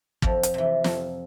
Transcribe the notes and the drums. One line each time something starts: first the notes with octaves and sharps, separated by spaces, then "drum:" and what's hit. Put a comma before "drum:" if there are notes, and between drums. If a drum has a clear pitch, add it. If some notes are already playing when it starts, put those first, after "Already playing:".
F2 F3, drum: kick
drum: hi-hat
C3 E3
F2, drum: snare